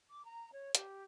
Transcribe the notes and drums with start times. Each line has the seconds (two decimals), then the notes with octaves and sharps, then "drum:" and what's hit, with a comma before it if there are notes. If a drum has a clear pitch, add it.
0.09 D6
0.24 A#5
0.52 C#5
0.75 G4, drum: hi-hat